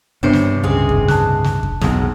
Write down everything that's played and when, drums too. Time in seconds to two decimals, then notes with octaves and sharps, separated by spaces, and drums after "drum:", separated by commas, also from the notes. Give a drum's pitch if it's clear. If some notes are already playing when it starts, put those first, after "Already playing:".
0.23 G2 C3 B3 D4 C5 C#5
0.33 drum: snare
0.63 C#2 A2 C#3 G#3 C4 G#4
0.89 drum: kick F2
1.08 A5 F#6, drum: snare
1.44 drum: snare
1.63 drum: kick F2
1.81 B1 F2 G#3, drum: snare